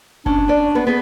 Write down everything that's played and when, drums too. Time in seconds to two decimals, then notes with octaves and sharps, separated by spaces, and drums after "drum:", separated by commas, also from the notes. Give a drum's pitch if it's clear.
0.26 C#4 D4, drum: kick F#1
0.48 C#4 D5
0.75 B3 G#4 B4
0.87 B3 G#4 A4 B4